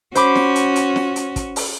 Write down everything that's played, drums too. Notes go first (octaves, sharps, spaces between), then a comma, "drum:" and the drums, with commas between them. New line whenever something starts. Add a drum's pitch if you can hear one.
C#4 F#4 C5 B5 D6, drum: hi-hat
drum: snare
drum: hi-hat
drum: hi-hat
drum: snare
drum: hi-hat
drum: kick, hi-hat
drum: open hi-hat